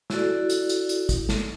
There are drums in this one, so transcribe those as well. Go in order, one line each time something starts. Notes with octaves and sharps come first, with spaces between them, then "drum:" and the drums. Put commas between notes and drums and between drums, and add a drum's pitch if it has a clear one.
E4 F#4 A4 D5, drum: snare
drum: hi-hat
drum: hi-hat
drum: hi-hat
drum: kick G#1, hi-hat
drum: snare